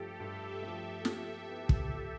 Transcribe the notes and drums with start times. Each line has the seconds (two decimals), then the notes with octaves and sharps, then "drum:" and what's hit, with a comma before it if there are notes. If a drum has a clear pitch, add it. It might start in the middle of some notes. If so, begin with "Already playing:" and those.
Already playing: G2 F3 A3 G4 A4
0.20 G2 E5
0.48 E5
0.62 F3 A3
0.77 E5
1.05 F3, drum: snare
1.48 B3 E4 B4
1.69 drum: kick
1.90 F3